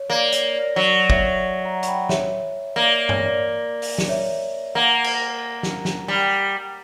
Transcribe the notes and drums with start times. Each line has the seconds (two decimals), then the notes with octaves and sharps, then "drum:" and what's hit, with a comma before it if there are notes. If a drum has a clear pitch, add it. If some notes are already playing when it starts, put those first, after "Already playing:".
Already playing: C#5
0.10 A#3 D5
0.32 C#5, drum: hi-hat
0.55 D5
0.76 F#3 D5
1.10 C#5 E5, drum: kick
1.65 F#5 A#5
1.83 C#6, drum: hi-hat
1.87 G5 B5
2.09 C#5 E5, drum: snare
2.76 A#3 D5
3.09 C#5, drum: tom G2
3.26 D5
3.82 drum: open hi-hat
3.98 drum: snare
4.09 C#5 E5
4.75 A#3 F#5 A#5
5.04 drum: cymbal
5.63 drum: snare
5.85 drum: snare
6.08 G3